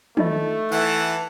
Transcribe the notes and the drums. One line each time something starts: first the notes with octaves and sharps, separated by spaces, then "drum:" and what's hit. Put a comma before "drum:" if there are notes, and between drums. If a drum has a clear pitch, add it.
A3 D#4 F4 D#5, drum: tom
E3 A4 F#5, drum: tambourine